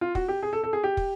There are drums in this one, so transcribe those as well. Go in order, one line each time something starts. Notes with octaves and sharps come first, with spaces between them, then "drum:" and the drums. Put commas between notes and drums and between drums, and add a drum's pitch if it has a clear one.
F4
F#4, drum: kick
G4
G#4
A4
A4
G#4
G4
drum: kick